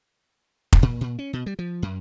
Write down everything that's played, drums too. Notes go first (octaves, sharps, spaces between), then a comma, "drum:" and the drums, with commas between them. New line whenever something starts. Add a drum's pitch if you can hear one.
drum: kick F1
A#2
A#2
C#4
B2
G3
F3
F#2